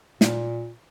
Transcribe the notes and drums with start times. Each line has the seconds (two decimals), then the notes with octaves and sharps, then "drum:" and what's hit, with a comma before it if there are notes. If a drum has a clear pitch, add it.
0.21 A#2, drum: snare